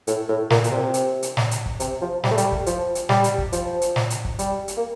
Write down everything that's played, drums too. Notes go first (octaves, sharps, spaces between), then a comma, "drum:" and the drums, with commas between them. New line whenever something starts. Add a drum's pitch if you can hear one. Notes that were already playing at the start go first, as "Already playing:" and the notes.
A2, drum: hi-hat
A2
A#2, drum: snare
A#2, drum: hi-hat
C3
drum: hi-hat
drum: hi-hat
drum: snare
drum: hi-hat
drum: kick
C3, drum: hi-hat
F3
G3, drum: snare
A3
G3, drum: hi-hat
drum: kick
F3, drum: hi-hat
drum: hi-hat
G3, drum: snare
drum: hi-hat
drum: kick
F3, drum: hi-hat
drum: hi-hat
drum: snare
drum: hi-hat
drum: kick
G3, drum: hi-hat
drum: hi-hat
A#3